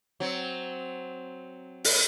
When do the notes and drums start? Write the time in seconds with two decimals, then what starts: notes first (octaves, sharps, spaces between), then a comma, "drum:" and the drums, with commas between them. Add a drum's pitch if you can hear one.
0.20 F#3 C4
1.84 drum: open hi-hat